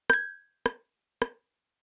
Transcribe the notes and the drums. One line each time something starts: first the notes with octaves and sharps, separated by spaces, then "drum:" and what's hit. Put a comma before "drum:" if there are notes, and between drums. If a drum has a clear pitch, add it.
G6 G#6, drum: rim click
drum: rim click
drum: rim click